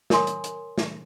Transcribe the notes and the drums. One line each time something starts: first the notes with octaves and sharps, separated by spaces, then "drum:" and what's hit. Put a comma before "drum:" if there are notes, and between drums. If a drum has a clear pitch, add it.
A#4 C#5 G#5 C6 D#6, drum: snare
drum: hi-hat
drum: hi-hat
drum: snare